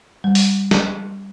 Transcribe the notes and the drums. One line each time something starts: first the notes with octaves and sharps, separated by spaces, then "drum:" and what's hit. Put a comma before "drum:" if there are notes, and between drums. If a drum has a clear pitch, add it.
G3
drum: open hi-hat
drum: snare